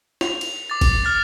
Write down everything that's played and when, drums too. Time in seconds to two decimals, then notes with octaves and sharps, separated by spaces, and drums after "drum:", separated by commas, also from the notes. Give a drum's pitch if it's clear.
0.21 F7, drum: snare
0.41 drum: cymbal
0.70 D6 A6
0.81 drum: kick G1, cymbal
1.05 F6 A6